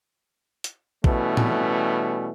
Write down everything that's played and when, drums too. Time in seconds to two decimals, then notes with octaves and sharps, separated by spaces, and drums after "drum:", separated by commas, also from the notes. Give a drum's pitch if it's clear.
0.64 drum: hi-hat
1.04 B2 E3 G3 A3 C#4, drum: kick A#1
1.37 drum: tom